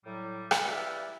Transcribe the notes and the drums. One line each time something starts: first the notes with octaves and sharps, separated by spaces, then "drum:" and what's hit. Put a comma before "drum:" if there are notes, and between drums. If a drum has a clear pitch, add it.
A2 F#3 G3
drum: rim click
E4 G4 B4 D5 E5 F5